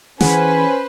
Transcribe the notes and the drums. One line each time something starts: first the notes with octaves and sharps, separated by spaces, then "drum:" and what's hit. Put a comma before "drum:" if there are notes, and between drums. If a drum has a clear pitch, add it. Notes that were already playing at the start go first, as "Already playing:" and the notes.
E3 C#4 G#4 B4 C5 F#5 G#5, drum: snare